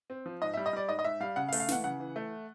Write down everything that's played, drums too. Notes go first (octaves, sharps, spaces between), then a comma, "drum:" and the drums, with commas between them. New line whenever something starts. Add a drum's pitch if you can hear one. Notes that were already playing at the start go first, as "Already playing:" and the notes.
C4
F3
G#2 D#5
G3 E5
D#5
G3 D5
G#2 D#5
D#5
G#2 E5
G3 F5
C#3 F#5
F5
A3, drum: open hi-hat
F5
E3 F#5, drum: snare
C#3 F#5
E3
A3